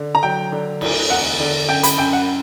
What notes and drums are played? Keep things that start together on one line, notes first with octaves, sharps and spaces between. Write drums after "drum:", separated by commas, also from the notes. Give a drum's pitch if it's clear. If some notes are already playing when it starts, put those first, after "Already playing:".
Already playing: D3
A#5
F#3 G5
D3
D2, drum: cymbal
E1 F#5
D3
F#2 G5
B5, drum: hi-hat
F#2 G5
F#5